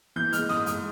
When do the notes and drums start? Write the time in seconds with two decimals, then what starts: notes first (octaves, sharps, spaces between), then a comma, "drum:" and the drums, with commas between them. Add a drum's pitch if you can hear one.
0.16 E3 G6
0.33 G#3 F6, drum: hi-hat
0.49 G#2 D#6, drum: snare
0.66 G#2, drum: hi-hat